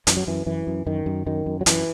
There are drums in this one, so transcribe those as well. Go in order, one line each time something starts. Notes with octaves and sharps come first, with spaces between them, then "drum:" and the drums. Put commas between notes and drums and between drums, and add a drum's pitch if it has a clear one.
F#2 E3, drum: hi-hat
F#3
F#2 E3
F#2 E3
F#2
F#2 D#3
F#2
F#2 D#3
F#2
F#3
F#2 E3, drum: hi-hat